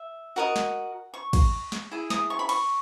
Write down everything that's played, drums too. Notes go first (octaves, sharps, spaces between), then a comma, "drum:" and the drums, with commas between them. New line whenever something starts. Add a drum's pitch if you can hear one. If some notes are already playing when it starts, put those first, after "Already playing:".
Already playing: E5
F#4 A#4 D#5 F#5
drum: snare
C#6
drum: kick, cymbal
drum: snare
E4 G#4
D#6, drum: snare
C#6
B5
C#6, drum: cymbal